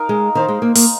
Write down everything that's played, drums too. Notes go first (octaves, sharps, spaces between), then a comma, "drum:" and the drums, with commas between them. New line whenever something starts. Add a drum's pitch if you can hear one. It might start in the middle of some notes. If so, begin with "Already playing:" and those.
Already playing: D#4 A#4 F5
G#3
D#3 D#4 C5 D#5
G#3
A#3
A#3, drum: open hi-hat